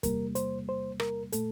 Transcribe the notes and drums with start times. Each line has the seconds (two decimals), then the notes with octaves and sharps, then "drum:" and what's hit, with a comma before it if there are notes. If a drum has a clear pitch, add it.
0.03 E2 C3 G3 A#3 A#4, drum: kick, hi-hat
0.35 C5, drum: hi-hat
0.69 C5
1.00 A#4, drum: rim click
1.32 A#2 A3 A4, drum: hi-hat